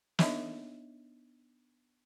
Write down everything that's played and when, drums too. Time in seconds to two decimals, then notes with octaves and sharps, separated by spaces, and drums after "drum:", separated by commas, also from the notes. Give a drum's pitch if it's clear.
0.19 B3 D4 D#4 C#5 D#5 E5, drum: snare